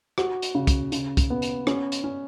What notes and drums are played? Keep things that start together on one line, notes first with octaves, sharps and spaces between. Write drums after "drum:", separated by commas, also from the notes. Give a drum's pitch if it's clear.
F#4, drum: rim click
drum: hi-hat
C#3
drum: kick, hi-hat
C#3, drum: hi-hat
drum: kick, hi-hat
B3
drum: hi-hat
C#4, drum: rim click
drum: hi-hat
C#4